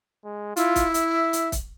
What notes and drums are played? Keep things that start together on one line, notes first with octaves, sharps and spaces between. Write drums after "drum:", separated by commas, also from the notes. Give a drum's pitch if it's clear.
G#3
E4 F4, drum: hi-hat
drum: kick, hi-hat
E5, drum: hi-hat
drum: hi-hat
drum: kick, hi-hat